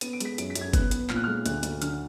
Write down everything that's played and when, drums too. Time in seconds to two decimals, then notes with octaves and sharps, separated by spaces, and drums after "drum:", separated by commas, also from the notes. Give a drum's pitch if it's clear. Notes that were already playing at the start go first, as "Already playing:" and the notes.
0.01 B3 D#7, drum: hi-hat
0.13 D7
0.20 G#3 B6, drum: hi-hat
0.38 F#2 D7, drum: hi-hat
0.50 B6
0.55 F#2, drum: hi-hat
0.61 G#6
0.73 B3 F#6, drum: kick F#1, hi-hat
0.91 B3, drum: hi-hat
1.10 A#2 F6, drum: clap
1.16 F#6
1.24 G#3 F6
1.46 D2 F#6, drum: hi-hat
1.63 D2, drum: hi-hat
1.82 D3 F6, drum: hi-hat